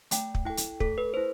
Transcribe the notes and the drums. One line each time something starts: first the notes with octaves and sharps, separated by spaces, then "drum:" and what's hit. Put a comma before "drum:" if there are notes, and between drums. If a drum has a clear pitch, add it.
A3 G5, drum: hi-hat
drum: kick
E4 A4 G5
drum: hi-hat
A3 A4, drum: kick
B4
E4 A4 C5